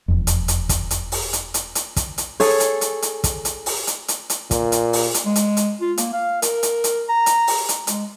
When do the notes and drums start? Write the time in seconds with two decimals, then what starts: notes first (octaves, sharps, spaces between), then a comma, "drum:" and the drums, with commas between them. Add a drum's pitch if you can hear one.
0.08 E1 F2
0.27 drum: hi-hat
0.48 drum: hi-hat
0.69 drum: kick, hi-hat
0.91 drum: hi-hat
1.12 drum: open hi-hat
1.33 drum: hi-hat
1.54 drum: hi-hat
1.75 drum: hi-hat
1.96 drum: kick, hi-hat
2.18 drum: hi-hat
2.40 G#4 A4 C#5, drum: open hi-hat
2.60 drum: hi-hat
2.81 drum: hi-hat
3.02 drum: hi-hat
3.24 drum: kick, hi-hat
3.45 drum: hi-hat
3.66 drum: open hi-hat
3.87 drum: hi-hat
4.08 drum: hi-hat
4.30 drum: hi-hat
4.51 A#2, drum: kick, hi-hat
4.72 drum: hi-hat
4.93 drum: open hi-hat
5.14 drum: hi-hat
5.25 G#3
5.36 drum: hi-hat
5.57 drum: hi-hat
5.81 F4
5.98 A#3, drum: hi-hat
6.13 F5
6.42 A#4, drum: hi-hat
6.63 drum: hi-hat
6.84 drum: hi-hat
7.09 A#5
7.26 drum: hi-hat
7.47 drum: open hi-hat
7.69 drum: hi-hat
7.87 G#3, drum: hi-hat